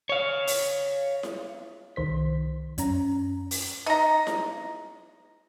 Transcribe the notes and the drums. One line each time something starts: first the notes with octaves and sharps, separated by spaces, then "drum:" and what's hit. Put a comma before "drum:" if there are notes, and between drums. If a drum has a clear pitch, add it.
C#5 F5
drum: open hi-hat
drum: snare E4
C2 D#3 C5 B6
F#2 C#4 A#5, drum: hi-hat
drum: open hi-hat
D#4 A#5
drum: snare E4